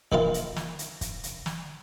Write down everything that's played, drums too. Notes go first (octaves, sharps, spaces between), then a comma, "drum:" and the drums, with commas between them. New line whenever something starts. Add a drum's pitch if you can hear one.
A#1 D#3 E3 F4, drum: kick
drum: hi-hat
drum: snare
drum: hi-hat
drum: kick, hi-hat
drum: hi-hat
drum: snare